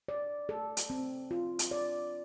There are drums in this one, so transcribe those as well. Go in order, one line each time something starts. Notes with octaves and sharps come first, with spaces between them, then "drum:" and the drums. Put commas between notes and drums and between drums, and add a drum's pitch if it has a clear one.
D5
A4
drum: hi-hat
C4
F4
drum: hi-hat
D5